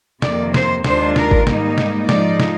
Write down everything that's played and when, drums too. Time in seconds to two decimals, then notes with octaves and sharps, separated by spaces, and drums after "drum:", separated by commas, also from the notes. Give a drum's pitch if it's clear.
0.22 F2 C3 D#3 A#3 D5, drum: snare
0.54 C5, drum: snare
0.84 D#2 D#3 G#3 D4 F4 C5, drum: snare
1.16 A#4, drum: snare
1.31 drum: kick G#1
1.47 G#2 D#3 G3 A#3 D#4, drum: snare
1.78 drum: snare
2.09 G#2 F3 G#3 D#4 D5, drum: snare
2.40 drum: snare